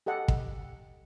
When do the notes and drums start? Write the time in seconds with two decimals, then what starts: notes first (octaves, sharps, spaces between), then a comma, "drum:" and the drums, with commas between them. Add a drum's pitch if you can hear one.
0.06 G4 A4 D#5 F#5
0.28 drum: kick